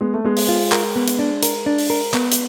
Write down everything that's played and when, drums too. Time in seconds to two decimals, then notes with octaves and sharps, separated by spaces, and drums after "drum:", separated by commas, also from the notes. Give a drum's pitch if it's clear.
0.01 G#3 B3
0.14 A3
0.25 G#3 B3
0.37 drum: open hi-hat
0.48 F4
0.72 A#4, drum: clap
0.96 B3
1.08 drum: hi-hat
1.19 D4
1.43 A#4, drum: hi-hat
1.66 D4
1.78 drum: open hi-hat
1.90 A#4
2.14 B3, drum: clap
2.32 drum: hi-hat